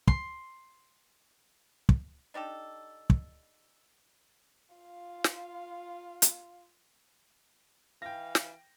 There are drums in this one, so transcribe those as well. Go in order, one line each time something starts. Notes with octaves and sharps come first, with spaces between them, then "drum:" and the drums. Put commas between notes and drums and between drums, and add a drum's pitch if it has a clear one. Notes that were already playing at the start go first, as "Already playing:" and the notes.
C6, drum: kick
drum: kick
D4 D#4 G4 A4
drum: kick
F4 F5
drum: snare
drum: hi-hat
E3 F5 G5 A#6
drum: snare